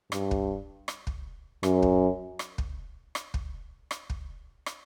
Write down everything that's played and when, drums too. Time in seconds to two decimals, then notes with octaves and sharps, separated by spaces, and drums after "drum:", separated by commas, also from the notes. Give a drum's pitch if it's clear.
0.12 G2, drum: rim click
0.31 drum: kick
0.88 drum: rim click
1.07 drum: kick
1.63 F#2, drum: rim click
1.82 drum: kick
2.39 drum: rim click
2.58 drum: kick
3.15 drum: rim click
3.34 drum: kick
3.91 drum: rim click
4.10 drum: kick
4.66 drum: rim click